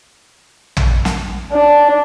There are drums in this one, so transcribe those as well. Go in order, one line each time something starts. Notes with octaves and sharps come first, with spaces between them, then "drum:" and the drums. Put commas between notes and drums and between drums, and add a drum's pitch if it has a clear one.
drum: tom
drum: snare
D4